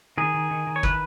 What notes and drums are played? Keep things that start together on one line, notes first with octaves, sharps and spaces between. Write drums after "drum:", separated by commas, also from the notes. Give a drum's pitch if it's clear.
D#3 G#4
D#3
D#3
D#3
C#5
E3 B4, drum: kick